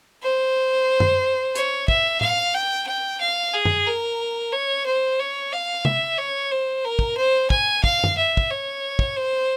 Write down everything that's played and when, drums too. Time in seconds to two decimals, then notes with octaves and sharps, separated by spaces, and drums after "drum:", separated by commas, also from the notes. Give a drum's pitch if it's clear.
0.22 C5
1.00 drum: tom F#2
1.55 C#5, drum: hi-hat
1.88 E5, drum: kick
2.21 F5, drum: tom A2
2.54 G5
2.87 G5
3.21 F5
3.54 G#4
3.65 drum: tom F#2
3.87 A#4
4.52 C#5
4.86 C5
5.19 C#5
5.52 F5
5.85 E5, drum: tom C3
6.18 C#5
6.51 C5
6.85 A#4
6.99 drum: kick
7.17 C5
7.50 G#5, drum: kick
7.84 F5, drum: kick
8.04 drum: tom F#2
8.17 E5
8.37 drum: kick
8.51 C#5
8.99 drum: kick
9.17 C5